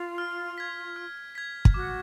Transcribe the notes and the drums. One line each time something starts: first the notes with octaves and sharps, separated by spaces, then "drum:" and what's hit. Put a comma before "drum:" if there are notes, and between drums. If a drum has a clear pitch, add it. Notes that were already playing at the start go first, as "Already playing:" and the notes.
Already playing: F4
F6
G#6 B6
F6
G#6 B6
drum: kick
F#4 D6